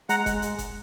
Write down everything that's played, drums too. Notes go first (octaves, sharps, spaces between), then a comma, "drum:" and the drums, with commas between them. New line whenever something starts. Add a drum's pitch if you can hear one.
G#3 F#5 A#5, drum: hi-hat
G#3, drum: kick F#1, hi-hat
drum: hi-hat
drum: kick F#1, hi-hat